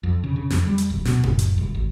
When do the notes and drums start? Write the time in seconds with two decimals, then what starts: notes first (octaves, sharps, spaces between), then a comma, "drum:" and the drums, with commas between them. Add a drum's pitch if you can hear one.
0.03 F2
0.24 C#3
0.36 C#3
0.50 F2, drum: snare
0.67 G3
0.78 drum: hi-hat
0.90 D1
1.05 B2, drum: snare
1.23 F#1, drum: tom A2
1.39 drum: hi-hat
1.58 D#1
1.75 G#1